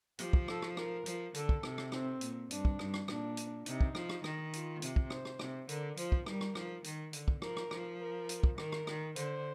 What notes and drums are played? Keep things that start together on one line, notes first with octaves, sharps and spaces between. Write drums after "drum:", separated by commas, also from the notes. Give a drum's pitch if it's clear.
F3 G4, drum: hi-hat
drum: kick
A4, drum: rim click
drum: rim click
A#4, drum: rim click
F3, drum: hi-hat
D3 A4, drum: hi-hat
drum: kick
C3, drum: rim click
drum: rim click
C4, drum: rim click
A#2, drum: hi-hat
G2 D4, drum: hi-hat
drum: kick
G2, drum: rim click
drum: rim click
A#2 D4, drum: rim click
drum: hi-hat
C3 D#4, drum: hi-hat
drum: kick
F3, drum: rim click
drum: rim click
D#3, drum: rim click
F4, drum: hi-hat
C3, drum: hi-hat
drum: kick
C5, drum: rim click
drum: rim click
C3, drum: rim click
D3 A#4, drum: hi-hat
F3 C5, drum: hi-hat
drum: kick
G3 A#4, drum: rim click
drum: rim click
F3, drum: rim click
D#3, drum: hi-hat
D3, drum: hi-hat
drum: kick
F3 A#4, drum: rim click
drum: rim click
F3, drum: rim click
A#4
drum: hi-hat
drum: kick
D#3 A#4, drum: rim click
drum: rim click
D#3, drum: rim click
D3 C5, drum: hi-hat